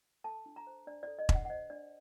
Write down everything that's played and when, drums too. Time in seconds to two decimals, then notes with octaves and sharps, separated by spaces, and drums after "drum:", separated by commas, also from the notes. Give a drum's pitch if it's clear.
0.24 A4 A5
0.46 D4
0.56 A#5
0.67 C5
0.87 D4 D5
1.03 A4 D5
1.19 D#5
1.29 D4, drum: kick E1
1.35 F#5
1.45 F#5
1.50 C5 D#5
1.70 D4 D5